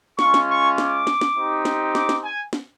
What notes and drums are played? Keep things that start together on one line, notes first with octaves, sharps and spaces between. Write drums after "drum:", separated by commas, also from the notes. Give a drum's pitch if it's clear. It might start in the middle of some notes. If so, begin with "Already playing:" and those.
G#3 C#4 F4 C#6, drum: snare
drum: snare
C#6
D6, drum: snare
drum: snare
drum: snare
C4 D#4 G4
drum: snare
D6, drum: snare
drum: snare
G#5
drum: snare